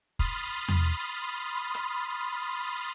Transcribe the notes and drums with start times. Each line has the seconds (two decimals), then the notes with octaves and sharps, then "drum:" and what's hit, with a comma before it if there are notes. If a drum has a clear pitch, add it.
0.19 B5 C6 D#6 F6 A6, drum: kick
0.68 drum: tom E2
1.74 drum: hi-hat